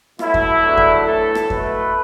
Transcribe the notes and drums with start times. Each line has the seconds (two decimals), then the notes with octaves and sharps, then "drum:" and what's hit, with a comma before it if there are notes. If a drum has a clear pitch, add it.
0.19 B2 F#3 A3 E4, drum: rim click
0.34 drum: kick F2
0.62 E2 D3 F#3 A3
0.78 drum: kick F2
1.06 A2 E3 A3 A4
1.35 drum: rim click
1.50 B2 A3 B4, drum: kick F2